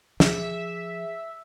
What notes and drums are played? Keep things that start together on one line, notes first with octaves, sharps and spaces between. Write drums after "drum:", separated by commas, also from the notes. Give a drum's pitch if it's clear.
F3 G#4 E5, drum: snare